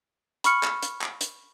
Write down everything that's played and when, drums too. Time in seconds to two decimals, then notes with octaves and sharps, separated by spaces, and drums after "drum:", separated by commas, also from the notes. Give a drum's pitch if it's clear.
0.44 B5 C#6 F6 C#7, drum: hi-hat
0.63 drum: clap
0.82 drum: hi-hat
1.02 drum: clap
1.21 drum: hi-hat